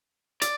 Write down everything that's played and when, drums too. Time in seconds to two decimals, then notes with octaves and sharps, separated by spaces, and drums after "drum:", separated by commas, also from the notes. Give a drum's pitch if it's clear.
0.42 D5, drum: hi-hat